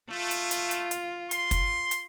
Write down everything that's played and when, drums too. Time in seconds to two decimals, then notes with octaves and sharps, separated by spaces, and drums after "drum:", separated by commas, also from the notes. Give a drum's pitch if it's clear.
0.11 A3 F4
0.31 drum: hi-hat
0.51 drum: hi-hat
0.71 drum: hi-hat
0.91 drum: hi-hat
1.31 C6, drum: hi-hat
1.51 drum: kick, hi-hat
1.91 drum: hi-hat